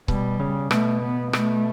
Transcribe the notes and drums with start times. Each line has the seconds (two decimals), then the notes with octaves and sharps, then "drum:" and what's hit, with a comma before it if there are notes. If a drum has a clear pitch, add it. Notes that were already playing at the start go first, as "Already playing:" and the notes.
0.08 B2 G3, drum: kick C#1
0.40 C#3
0.71 B2 A3, drum: rim click
1.02 B3
1.33 A3, drum: rim click